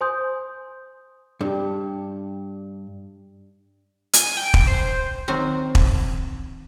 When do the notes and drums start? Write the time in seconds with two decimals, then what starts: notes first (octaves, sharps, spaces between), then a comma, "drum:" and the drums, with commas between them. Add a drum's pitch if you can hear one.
0.01 C5 G#5 C6 D#6 G6
1.41 G2 D4 G4
4.13 G#5, drum: hi-hat
4.37 G5
4.54 drum: kick E1
4.67 C5
5.28 D#3 F#3 C4 F#4
5.75 drum: kick E1